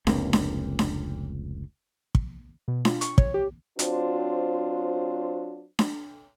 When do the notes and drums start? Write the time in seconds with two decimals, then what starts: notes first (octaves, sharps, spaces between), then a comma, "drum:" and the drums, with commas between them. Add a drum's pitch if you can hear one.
0.07 F1 C#2 A#3 C4, drum: snare D4
0.33 drum: snare D4
0.79 drum: snare D4
2.15 drum: kick
2.68 B2
2.85 F4, drum: snare D4
3.01 C#6, drum: hi-hat
3.18 C#5, drum: kick
3.34 G4
3.79 F#3 C4 D4 F4 F#4 C5, drum: hi-hat
5.79 drum: snare D4